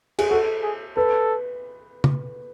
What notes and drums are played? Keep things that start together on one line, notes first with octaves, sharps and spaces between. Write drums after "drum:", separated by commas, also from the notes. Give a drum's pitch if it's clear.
G#4, drum: cymbal
F#4 A4
G#4
A4 B4
drum: tom C#3